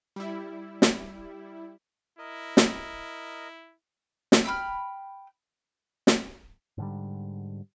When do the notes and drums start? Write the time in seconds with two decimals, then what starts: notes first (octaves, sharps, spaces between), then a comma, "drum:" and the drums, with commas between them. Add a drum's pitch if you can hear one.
0.16 G3 E4
0.82 drum: snare
2.19 E4 A#4 D#5
2.57 drum: snare
4.32 drum: snare
4.44 E5 G5 B5 F6
6.07 drum: snare
6.78 G#2 D3 G3